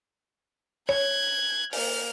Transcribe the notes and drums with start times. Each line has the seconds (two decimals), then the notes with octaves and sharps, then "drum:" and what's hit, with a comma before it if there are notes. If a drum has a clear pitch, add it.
0.89 C#5 F#6 G#6
1.73 A#3 F6, drum: open hi-hat